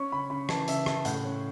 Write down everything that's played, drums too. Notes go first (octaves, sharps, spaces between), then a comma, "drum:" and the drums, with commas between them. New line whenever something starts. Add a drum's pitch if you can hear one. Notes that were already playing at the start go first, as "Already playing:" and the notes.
Already playing: C#4 C#6
C#3 B5
C#3 B5
E3 A5, drum: rim click
C#3 E5, drum: hi-hat
C#3 A5, drum: rim click
A2 F#5, drum: hi-hat
C#4